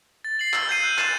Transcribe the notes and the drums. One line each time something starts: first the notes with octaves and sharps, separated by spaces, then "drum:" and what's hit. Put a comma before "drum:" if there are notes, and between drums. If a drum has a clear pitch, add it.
A6
C7 F#7
E6, drum: clap
G6 C7 D#7
F#6
A6 C7 E7, drum: clap